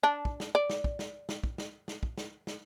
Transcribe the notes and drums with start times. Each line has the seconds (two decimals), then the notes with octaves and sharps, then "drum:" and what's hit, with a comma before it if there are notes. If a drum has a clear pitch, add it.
0.03 D4
0.25 drum: kick
0.40 drum: snare
0.55 D5
0.70 drum: snare
0.84 drum: kick
0.99 drum: snare
1.29 drum: snare
1.44 drum: kick
1.58 drum: snare
1.88 drum: snare
2.03 drum: kick
2.18 drum: snare
2.47 drum: snare